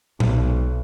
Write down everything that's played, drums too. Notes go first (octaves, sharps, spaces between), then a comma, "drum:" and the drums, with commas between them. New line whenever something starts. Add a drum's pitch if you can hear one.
B1, drum: tom A#2